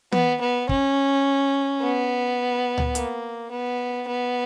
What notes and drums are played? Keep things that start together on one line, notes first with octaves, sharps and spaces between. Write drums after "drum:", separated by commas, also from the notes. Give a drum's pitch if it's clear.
B3, drum: tom
B3
C#4, drum: kick
B3
drum: tom C#2
A#3, drum: hi-hat
B3
B3